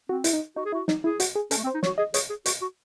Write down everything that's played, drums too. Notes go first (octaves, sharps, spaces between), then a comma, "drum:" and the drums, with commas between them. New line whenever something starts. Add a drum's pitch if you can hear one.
C4 F#4
E4, drum: hi-hat
D#4
D#4 F#4
G#4
E4 F#4
D#4, drum: snare
E4 G#4
F#4, drum: hi-hat
G#4
C#4 A4, drum: hi-hat
A3
C4
C5
D#4
C#5, drum: snare
F#4
G#4 D#5
G#4 C#5, drum: hi-hat
G#4
F#4, drum: hi-hat
F#4